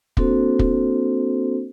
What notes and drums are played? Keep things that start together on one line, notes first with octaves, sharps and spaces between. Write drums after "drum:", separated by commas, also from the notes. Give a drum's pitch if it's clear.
A#3 C4 D4 F#4 A4 C5, drum: kick
drum: kick